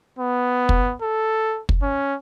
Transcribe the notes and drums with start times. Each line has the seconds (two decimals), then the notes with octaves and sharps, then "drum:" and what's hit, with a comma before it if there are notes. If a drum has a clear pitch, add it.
0.19 B3
0.69 drum: kick
1.02 A4
1.69 drum: kick
1.82 C#4